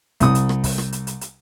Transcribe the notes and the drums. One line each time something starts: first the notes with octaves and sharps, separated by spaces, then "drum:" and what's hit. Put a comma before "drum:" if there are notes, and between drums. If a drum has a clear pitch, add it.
C2 D#6, drum: kick, hi-hat
drum: hi-hat
drum: rim click
drum: kick, open hi-hat
drum: rim click
drum: hi-hat
drum: hi-hat
drum: hi-hat